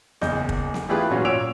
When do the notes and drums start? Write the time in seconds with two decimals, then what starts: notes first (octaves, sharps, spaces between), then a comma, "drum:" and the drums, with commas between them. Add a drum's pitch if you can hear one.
0.21 F#1 E2 D#5 G6, drum: snare
0.49 drum: kick
0.74 drum: snare
0.89 E3 A3 F4 G4 G#4 B4
1.10 A#2 F#3 C#4 F4 F#4
1.25 A#2 C#5 E6 D7 F7